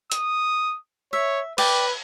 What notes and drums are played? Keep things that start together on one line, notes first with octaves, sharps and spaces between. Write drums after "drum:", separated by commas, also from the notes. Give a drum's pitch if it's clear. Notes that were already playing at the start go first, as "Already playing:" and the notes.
D#6, drum: hi-hat
C#5 E5
B4 D5 G5, drum: cymbal